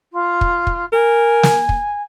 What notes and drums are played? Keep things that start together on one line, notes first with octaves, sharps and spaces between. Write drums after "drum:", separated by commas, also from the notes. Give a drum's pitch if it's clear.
F4
drum: kick
drum: kick
A#4 G#5
drum: snare
drum: kick